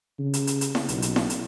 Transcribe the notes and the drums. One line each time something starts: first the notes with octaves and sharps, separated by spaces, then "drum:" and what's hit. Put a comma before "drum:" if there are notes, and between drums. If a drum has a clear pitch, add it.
C#3
drum: hi-hat
drum: hi-hat
drum: hi-hat
drum: snare E4
B1, drum: hi-hat
drum: hi-hat
drum: snare E4
drum: hi-hat